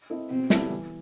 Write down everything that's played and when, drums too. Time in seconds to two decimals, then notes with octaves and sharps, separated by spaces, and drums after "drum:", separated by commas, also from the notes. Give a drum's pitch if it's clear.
0.10 C4 E4 A4 D#5
0.30 B2 C4
0.50 G3 B3 E4 A4, drum: snare
0.70 E3